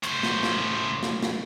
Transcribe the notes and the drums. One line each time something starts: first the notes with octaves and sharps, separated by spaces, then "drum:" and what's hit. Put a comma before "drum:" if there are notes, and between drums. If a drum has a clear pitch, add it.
A2 C5, drum: hi-hat
drum: snare
drum: snare
drum: snare
drum: snare